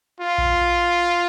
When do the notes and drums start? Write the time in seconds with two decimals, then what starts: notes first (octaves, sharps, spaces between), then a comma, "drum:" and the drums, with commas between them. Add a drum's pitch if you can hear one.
0.20 F4
0.38 drum: kick A#1